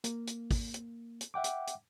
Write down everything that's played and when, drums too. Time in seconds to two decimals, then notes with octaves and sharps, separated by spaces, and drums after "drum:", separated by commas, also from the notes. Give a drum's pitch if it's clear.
0.04 A#3, drum: hi-hat
0.27 drum: hi-hat
0.51 drum: kick, open hi-hat
0.74 drum: hi-hat
1.21 drum: hi-hat
1.34 E5 F#5 G5 D6
1.44 drum: hi-hat
1.67 drum: hi-hat